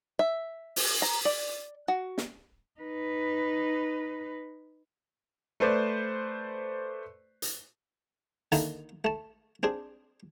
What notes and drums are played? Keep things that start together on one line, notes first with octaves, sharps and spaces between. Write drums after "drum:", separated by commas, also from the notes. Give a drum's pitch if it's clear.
E5
drum: open hi-hat
A#5
D5
F#4
drum: snare
D#4 B4
A3 B4 C5 D5
drum: hi-hat
D3 D#3 A#3 D#4 E4, drum: hi-hat
A3 A5
C4 D4 G#4